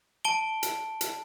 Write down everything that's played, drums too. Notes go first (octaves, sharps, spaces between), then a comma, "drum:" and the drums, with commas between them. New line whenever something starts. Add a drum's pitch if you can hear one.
A5 D7 G7
drum: hi-hat
drum: hi-hat